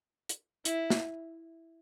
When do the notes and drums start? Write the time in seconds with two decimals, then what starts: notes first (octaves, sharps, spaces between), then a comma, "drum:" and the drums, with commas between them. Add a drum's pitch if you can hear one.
0.29 drum: hi-hat
0.65 E4, drum: hi-hat
0.90 drum: snare